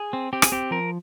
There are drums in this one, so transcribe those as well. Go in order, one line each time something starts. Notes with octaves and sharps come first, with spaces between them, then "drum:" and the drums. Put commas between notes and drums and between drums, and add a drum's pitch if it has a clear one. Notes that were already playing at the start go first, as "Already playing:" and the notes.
Already playing: G#4
C4
C4 G4
G#4, drum: rim click
C4 G4
F3 A#4